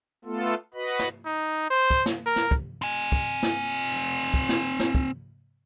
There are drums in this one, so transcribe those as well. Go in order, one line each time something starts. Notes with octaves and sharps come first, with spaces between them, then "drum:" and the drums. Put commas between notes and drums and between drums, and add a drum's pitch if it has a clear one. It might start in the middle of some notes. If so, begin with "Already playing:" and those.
A3 B3 F4 A4
F#4 B4 D#5 B5
drum: snare
D#4
C5
drum: kick
drum: snare
A#4
drum: snare
drum: kick
C4 G#5
drum: kick
drum: snare
drum: kick
drum: snare
drum: snare
drum: kick